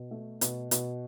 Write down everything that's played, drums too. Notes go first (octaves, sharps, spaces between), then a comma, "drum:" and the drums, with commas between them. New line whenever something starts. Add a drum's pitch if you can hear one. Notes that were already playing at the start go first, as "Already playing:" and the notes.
Already playing: B2
A3
B2, drum: hi-hat
B2, drum: hi-hat